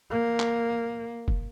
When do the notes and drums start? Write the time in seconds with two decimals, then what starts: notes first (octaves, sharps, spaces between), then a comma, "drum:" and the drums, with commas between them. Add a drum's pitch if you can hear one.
0.10 A#3
0.40 drum: clap
1.28 drum: kick